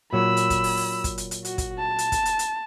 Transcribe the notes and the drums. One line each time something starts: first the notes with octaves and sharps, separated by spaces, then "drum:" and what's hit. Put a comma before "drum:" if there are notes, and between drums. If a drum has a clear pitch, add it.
A#2 F#3 B5 E6
drum: hi-hat
drum: kick, hi-hat
drum: open hi-hat
drum: open hi-hat
drum: kick, hi-hat
drum: hi-hat
drum: hi-hat
F#4, drum: hi-hat
drum: kick, hi-hat
A5
drum: hi-hat
drum: kick, hi-hat
drum: hi-hat
drum: hi-hat